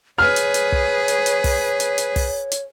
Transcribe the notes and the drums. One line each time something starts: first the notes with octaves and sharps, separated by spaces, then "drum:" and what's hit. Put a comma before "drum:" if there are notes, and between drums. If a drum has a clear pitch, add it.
G#4 B4 C#5 F6
drum: hi-hat
drum: hi-hat
drum: kick
drum: hi-hat
drum: hi-hat
drum: kick, open hi-hat
drum: hi-hat
drum: hi-hat
drum: kick, open hi-hat
drum: hi-hat